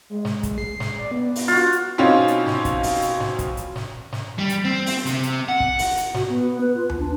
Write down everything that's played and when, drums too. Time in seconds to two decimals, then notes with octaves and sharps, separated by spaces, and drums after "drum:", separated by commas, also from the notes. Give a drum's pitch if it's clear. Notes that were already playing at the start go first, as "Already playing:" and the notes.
0.10 G#3
0.25 drum: snare
0.43 drum: kick, hi-hat
0.58 C7
0.80 drum: snare
0.99 D5
1.11 B3
1.36 drum: open hi-hat
1.48 F4 F#4
1.72 drum: hi-hat
1.98 B2 C4 C#4 D#4 F4
2.28 drum: hi-hat
2.46 drum: snare
2.65 drum: kick, hi-hat
2.83 drum: open hi-hat
3.02 drum: hi-hat
3.20 drum: snare
3.39 drum: kick, hi-hat
3.57 drum: hi-hat
3.76 drum: snare
4.13 drum: snare
4.39 G3
4.49 drum: hi-hat
4.65 C4
4.86 drum: open hi-hat
5.06 C3 C4, drum: hi-hat
5.23 drum: hi-hat
5.49 F#5
5.60 drum: kick
5.79 drum: open hi-hat
5.97 drum: hi-hat
6.14 F#4, drum: snare
6.28 B3
6.61 B4
6.76 F4
6.89 drum: tom D#2
6.99 D4